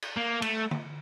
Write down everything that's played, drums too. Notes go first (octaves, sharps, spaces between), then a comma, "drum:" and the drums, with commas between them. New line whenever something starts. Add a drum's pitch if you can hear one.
drum: cymbal
A#3
A3, drum: cymbal
drum: tom D3